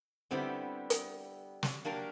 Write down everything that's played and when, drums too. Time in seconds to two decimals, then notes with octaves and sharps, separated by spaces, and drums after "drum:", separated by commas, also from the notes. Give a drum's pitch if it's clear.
0.31 D3 G3 B3 C4 E4 G4
0.90 drum: hi-hat
1.63 drum: snare
1.85 F#3 A#3 D4 G4 A#4